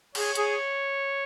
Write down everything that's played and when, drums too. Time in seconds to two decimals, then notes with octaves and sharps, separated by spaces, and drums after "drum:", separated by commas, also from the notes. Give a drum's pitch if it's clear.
0.15 G#4 C#5, drum: cymbal
0.35 G#4, drum: hi-hat